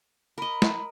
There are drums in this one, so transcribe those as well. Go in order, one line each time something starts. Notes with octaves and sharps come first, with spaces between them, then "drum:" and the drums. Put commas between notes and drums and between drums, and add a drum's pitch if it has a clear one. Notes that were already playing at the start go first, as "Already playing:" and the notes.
A#4 D#5 B5
drum: snare